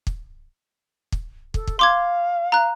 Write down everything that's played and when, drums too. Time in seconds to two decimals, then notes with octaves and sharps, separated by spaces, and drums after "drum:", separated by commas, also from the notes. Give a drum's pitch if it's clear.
0.07 drum: kick
1.12 drum: kick
1.54 A4, drum: kick
1.67 drum: kick
1.79 F5 C6 D6 G#6
2.52 A#5 F#6